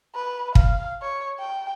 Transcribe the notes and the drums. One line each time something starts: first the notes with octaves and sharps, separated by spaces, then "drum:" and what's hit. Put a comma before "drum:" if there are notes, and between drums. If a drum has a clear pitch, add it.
B4
F5, drum: kick
C#5
G5